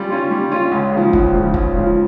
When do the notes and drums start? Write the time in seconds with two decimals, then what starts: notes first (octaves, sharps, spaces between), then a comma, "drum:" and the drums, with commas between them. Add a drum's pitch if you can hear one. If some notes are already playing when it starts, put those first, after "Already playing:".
Already playing: G3 C#4 F4
0.10 C#4 F4
0.31 G3
0.51 C#4 F4
0.72 C#2
0.92 C#3 F3
1.13 C#2, drum: kick
1.34 C#3 F3
1.54 C#2, drum: kick
1.76 C#3 F3